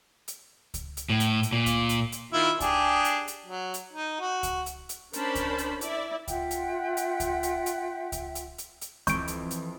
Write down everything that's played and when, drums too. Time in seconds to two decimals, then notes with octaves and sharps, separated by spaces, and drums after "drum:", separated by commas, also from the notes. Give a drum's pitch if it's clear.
0.28 drum: hi-hat
0.74 drum: kick C#2, hi-hat
0.97 drum: hi-hat
1.10 A2
1.20 drum: hi-hat
1.43 drum: hi-hat
1.53 A#2
1.66 drum: kick C#2, hi-hat
1.89 drum: hi-hat
2.12 drum: hi-hat
2.33 D#3 E4 F4
2.60 D4 G4 G#4, drum: kick C#2, hi-hat
3.05 drum: hi-hat
3.28 drum: hi-hat
3.46 F#3
3.74 drum: hi-hat
3.93 D#4
4.21 F#4
4.43 drum: kick C#2, hi-hat
4.66 drum: hi-hat
4.89 drum: hi-hat
5.13 C#4 D4 A#4 C5 A5 B5, drum: hi-hat
5.35 drum: kick C#2, hi-hat
5.58 drum: hi-hat
5.81 E4 D5 E5, drum: hi-hat
6.28 F4 E5 F#5 G5, drum: kick C#2, hi-hat
6.51 drum: hi-hat
6.97 drum: hi-hat
7.20 drum: kick C#2, hi-hat
7.43 drum: hi-hat
7.66 drum: hi-hat
8.12 drum: kick C#2, hi-hat
8.35 drum: hi-hat
8.58 drum: hi-hat
8.81 drum: hi-hat
9.07 F2 E3 C#6 D6 G6 D7, drum: kick C#2, hi-hat
9.28 drum: hi-hat
9.51 drum: hi-hat